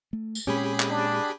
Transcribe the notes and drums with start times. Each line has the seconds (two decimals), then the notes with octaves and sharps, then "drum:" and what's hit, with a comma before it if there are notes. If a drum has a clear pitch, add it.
0.13 A3
0.35 drum: tambourine
0.47 A#2 G#3 C4 C#4 G4 G#4 B5
0.80 drum: clap
0.90 D4